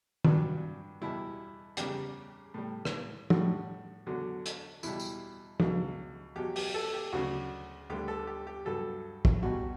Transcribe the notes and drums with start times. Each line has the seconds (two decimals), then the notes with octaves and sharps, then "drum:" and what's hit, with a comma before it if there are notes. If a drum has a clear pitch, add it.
0.25 G2 F#3 D4, drum: tom
1.01 E2 B2 G3 E4
1.77 E2 C#3 G3 G4, drum: hi-hat
2.54 A2 G3
2.85 drum: rim click
3.30 A2 G3 F#4, drum: tom
4.06 E2 D3 F#3
4.46 drum: hi-hat
4.83 E2 B2 G3 E4, drum: tambourine
5.00 drum: tambourine
5.60 C#2 B2 F#3, drum: tom
6.36 E2 B2 F#3 G4
6.56 G4, drum: open hi-hat
6.74 A4
6.94 G4
7.12 D2 C#3 F#3 F#4
7.90 D2 D3 G3 G4
8.08 A4
8.27 G4
8.47 G4
8.65 G2 F#3 A4
9.25 drum: kick
9.42 E2 B2 G3 F#4